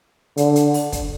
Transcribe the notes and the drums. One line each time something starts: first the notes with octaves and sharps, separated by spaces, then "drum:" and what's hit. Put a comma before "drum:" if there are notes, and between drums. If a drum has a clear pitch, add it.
D3, drum: hi-hat
drum: hi-hat
drum: open hi-hat
drum: kick, hi-hat